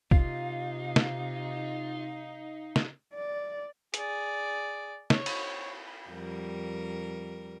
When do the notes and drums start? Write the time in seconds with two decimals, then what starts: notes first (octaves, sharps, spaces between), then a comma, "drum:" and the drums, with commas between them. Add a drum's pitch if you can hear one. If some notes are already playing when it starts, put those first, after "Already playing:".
0.11 C3 D#4 F4 F5, drum: kick
0.96 drum: snare
2.76 drum: snare
3.14 D5
3.94 G#4 D5, drum: hi-hat
5.10 C#5, drum: snare
5.26 drum: cymbal
6.11 F2 G3 A#4